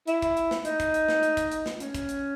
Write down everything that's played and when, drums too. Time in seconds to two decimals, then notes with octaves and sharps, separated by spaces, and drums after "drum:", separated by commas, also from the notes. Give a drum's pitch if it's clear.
0.07 E4, drum: hi-hat
0.22 drum: kick, hi-hat
0.37 drum: hi-hat
0.51 drum: snare
0.65 D#4, drum: hi-hat
0.80 drum: kick, hi-hat
0.94 drum: hi-hat
1.08 drum: snare
1.23 drum: hi-hat
1.37 drum: kick, hi-hat
1.51 drum: hi-hat
1.66 drum: snare
1.80 C#4, drum: hi-hat
1.94 drum: kick, hi-hat
2.09 drum: hi-hat